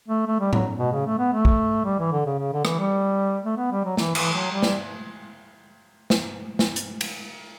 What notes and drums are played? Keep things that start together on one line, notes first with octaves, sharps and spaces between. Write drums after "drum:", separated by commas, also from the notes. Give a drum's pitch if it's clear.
A3
A3
G3
F#3, drum: tom A2
B2
C#3
A3
B3
A3
drum: kick
G3
E3
D3
C#3
C#3
D3
E3, drum: rim click
G3
A3
B3
G3
F#3
E3, drum: snare
E3, drum: cymbal
F#3
G3
drum: snare
drum: snare
drum: snare
drum: hi-hat
drum: cymbal